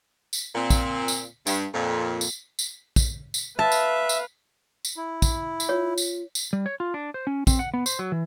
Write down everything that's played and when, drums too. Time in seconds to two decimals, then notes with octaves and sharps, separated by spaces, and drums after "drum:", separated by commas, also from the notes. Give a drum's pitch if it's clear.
0.33 drum: tambourine
0.55 A#2 C4
0.70 drum: kick, tambourine
1.08 drum: tambourine
1.47 G2, drum: tambourine
1.74 F2 A#2
2.21 drum: tambourine
2.59 drum: tambourine
2.96 drum: kick, tambourine
3.34 drum: tambourine
3.59 B4 E5 F5 A5
3.72 drum: tambourine
4.09 drum: tambourine
4.85 drum: tambourine
4.96 E4
5.22 drum: kick, tambourine
5.60 drum: tambourine
5.69 F4 C#5
5.98 drum: tambourine
6.35 drum: tambourine
6.53 G3
6.66 C#5
6.80 F4
6.94 D4
7.14 C5
7.27 C#4
7.47 C4, drum: kick, tambourine
7.59 F#5
7.74 B3
7.86 C5, drum: tambourine
7.99 F#3
8.12 E3